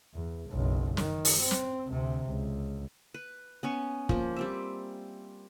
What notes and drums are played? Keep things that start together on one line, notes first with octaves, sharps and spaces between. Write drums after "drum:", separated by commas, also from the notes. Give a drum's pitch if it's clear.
E2
F#1 B1
D#3, drum: snare
drum: open hi-hat
C4
drum: snare
D2 C3
C#2
B4
B3 C#4 C#6
F3 A#3, drum: kick
G3 C4 E5